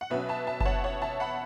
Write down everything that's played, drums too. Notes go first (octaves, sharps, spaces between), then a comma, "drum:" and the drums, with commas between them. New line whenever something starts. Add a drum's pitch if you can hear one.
F#5
B1 B2 F#3 C#4 B4 E5
E5 A5
E5 A5
A5, drum: kick F#1
C#5 F#5
C#5 F#5
E5 A5
F#5 B5